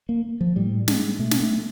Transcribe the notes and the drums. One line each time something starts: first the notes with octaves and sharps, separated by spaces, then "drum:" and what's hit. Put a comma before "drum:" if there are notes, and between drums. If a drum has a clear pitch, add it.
A#3
F3
A2 G3
G#3, drum: snare
B2 A3
drum: snare
A3